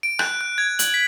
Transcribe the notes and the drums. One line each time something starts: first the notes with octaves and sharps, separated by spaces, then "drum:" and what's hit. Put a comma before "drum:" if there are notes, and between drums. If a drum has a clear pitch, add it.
D7
F#6, drum: rim click
F#6
G#6
F#7, drum: hi-hat
B6